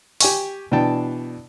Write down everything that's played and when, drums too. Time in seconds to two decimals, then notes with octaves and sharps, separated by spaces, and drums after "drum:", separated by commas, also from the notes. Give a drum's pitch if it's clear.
0.20 G4 G#5 C#6, drum: open hi-hat
0.72 B2 E3 D4 G5 A5